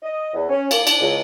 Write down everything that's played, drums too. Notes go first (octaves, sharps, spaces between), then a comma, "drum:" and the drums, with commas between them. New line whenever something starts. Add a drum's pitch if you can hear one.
D#5
E2
C#4
A#3, drum: cymbal
D4, drum: cymbal
C#2